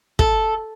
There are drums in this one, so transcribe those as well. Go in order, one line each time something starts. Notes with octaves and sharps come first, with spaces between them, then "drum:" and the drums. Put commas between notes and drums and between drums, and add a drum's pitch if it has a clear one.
A4, drum: kick